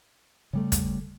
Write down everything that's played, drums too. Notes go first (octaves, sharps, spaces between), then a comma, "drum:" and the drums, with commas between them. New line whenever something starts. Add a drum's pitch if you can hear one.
C#3 G3 A3
drum: kick, hi-hat